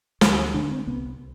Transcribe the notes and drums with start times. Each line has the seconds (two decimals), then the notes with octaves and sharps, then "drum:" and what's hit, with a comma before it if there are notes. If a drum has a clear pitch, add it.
0.21 D2, drum: snare
0.54 D3 D4
0.71 C4
0.87 C2 B3